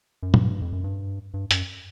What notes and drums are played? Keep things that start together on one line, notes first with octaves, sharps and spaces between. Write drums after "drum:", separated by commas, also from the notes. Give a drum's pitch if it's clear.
F#2
G2, drum: tom
F2
F#2
G2
G2
F#2, drum: hi-hat